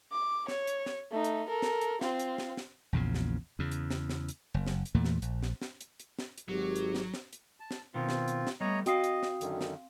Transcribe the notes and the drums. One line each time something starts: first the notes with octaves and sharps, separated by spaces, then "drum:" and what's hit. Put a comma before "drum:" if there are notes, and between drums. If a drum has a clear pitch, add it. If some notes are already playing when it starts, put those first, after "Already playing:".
D6
C#5, drum: snare
drum: hi-hat
drum: snare
A3 D#4
drum: hi-hat
A4 A#4
drum: snare
drum: hi-hat
C4 F4, drum: snare
drum: hi-hat
drum: snare
drum: snare
A#1 E2 A#2 C#3
drum: snare
E2 C#3
drum: hi-hat
drum: snare
drum: snare
drum: hi-hat
F#1
drum: snare
drum: hi-hat
E2 A#2 E3 A3
drum: snare
A#1, drum: hi-hat
drum: snare
drum: snare
drum: hi-hat
drum: hi-hat
drum: snare
drum: hi-hat
G#1 F#3 G4
drum: hi-hat
drum: snare
drum: snare
drum: hi-hat
A5
drum: snare
B2 D#3 B3 C4 F4
drum: snare
drum: hi-hat
drum: snare
G3 A3 B3 C#5 D#5 A#5
C4 F#4 D#5 F5 G5 D#6, drum: hi-hat
drum: hi-hat
drum: snare
F#2 D3 D#3, drum: hi-hat
drum: snare